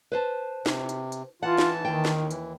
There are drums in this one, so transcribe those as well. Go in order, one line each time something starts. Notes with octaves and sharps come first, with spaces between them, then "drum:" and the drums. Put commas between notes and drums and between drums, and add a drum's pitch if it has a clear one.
B4 C5 A5
C3, drum: snare
drum: hi-hat
drum: hi-hat
E3 F4 F#5 A5
drum: snare
D#2 D#3 G5
drum: snare
E3, drum: hi-hat